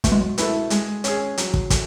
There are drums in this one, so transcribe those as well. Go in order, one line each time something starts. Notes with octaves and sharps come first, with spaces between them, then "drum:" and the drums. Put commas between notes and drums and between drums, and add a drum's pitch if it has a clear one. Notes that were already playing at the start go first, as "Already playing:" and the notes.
B2 A3, drum: kick, hi-hat
G#3
F#3
G#3
A3 E4 B4, drum: hi-hat
G#3, drum: hi-hat
C#4 G#4, drum: hi-hat
F#3, drum: hi-hat
drum: kick
A3, drum: kick, hi-hat